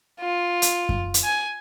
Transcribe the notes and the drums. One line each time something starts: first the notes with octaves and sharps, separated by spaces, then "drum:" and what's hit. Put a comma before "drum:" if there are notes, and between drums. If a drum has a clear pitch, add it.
F4
drum: hi-hat
drum: kick F#2
drum: hi-hat
G#5